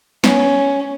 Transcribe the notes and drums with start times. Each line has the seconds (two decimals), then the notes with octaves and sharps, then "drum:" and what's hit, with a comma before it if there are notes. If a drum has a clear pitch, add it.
0.24 B3 C#4, drum: snare